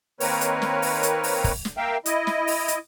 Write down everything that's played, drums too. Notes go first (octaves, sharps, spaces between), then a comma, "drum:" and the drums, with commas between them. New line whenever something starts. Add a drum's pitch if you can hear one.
D#3 A#3 C4 A#4 B4 C#5, drum: open hi-hat
drum: hi-hat
drum: snare
drum: open hi-hat
drum: hi-hat
drum: open hi-hat
drum: kick, open hi-hat
drum: snare
A#3 A#4 E5 F5 G5
E4 D#5, drum: hi-hat
drum: snare
drum: open hi-hat
drum: hi-hat